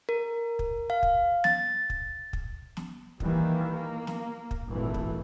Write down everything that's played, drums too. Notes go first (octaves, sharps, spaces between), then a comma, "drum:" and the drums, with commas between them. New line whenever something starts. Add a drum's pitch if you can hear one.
A#4
drum: kick
F5
drum: kick
A6, drum: snare
drum: kick
drum: kick
drum: snare
D#3 E3 G3 A#3, drum: kick
A#3
drum: snare
drum: kick
G#1 G2 A#2 E3 A3
drum: kick